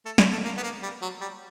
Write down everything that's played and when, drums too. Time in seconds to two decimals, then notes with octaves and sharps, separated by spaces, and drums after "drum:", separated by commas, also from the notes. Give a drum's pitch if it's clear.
0.05 A3
0.18 G#3, drum: snare
0.32 A3
0.44 A#3
0.57 B3
0.63 A#3
0.83 G3
1.02 F#3
1.21 G3